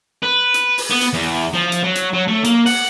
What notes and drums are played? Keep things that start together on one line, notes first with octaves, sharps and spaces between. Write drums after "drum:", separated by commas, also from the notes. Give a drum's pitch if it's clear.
B4
drum: hi-hat
drum: open hi-hat
B3
drum: hi-hat
E2
F3
drum: hi-hat
F#3
drum: hi-hat
F#3
A3
A#3, drum: hi-hat
F#5, drum: open hi-hat